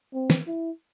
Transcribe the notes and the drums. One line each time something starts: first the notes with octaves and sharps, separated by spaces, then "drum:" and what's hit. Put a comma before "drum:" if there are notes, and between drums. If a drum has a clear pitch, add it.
C4
drum: snare
E4